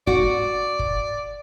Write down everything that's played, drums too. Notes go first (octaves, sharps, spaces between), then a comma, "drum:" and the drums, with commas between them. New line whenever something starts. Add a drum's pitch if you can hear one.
F#4 D5, drum: kick F#1
drum: kick F#1